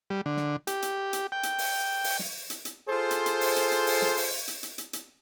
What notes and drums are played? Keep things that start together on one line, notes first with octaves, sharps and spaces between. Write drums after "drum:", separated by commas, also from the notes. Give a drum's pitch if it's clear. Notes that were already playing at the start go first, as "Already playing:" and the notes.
G3
D3
drum: snare
G4, drum: hi-hat
drum: hi-hat
drum: hi-hat
G5
drum: hi-hat
drum: open hi-hat
drum: open hi-hat
drum: snare
drum: hi-hat
drum: hi-hat
F4 G#4 A4 C5
drum: hi-hat
drum: hi-hat
drum: open hi-hat
drum: hi-hat
drum: hi-hat
drum: open hi-hat
drum: snare
drum: open hi-hat
drum: hi-hat
drum: hi-hat
drum: hi-hat
drum: hi-hat